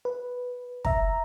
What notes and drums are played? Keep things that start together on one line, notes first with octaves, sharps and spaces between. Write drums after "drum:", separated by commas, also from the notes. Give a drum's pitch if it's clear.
B4
E5 A#5, drum: kick